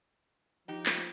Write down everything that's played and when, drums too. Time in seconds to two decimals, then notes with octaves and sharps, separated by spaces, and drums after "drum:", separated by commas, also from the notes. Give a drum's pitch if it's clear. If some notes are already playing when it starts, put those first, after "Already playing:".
0.68 F3 D#4 G4
0.86 drum: clap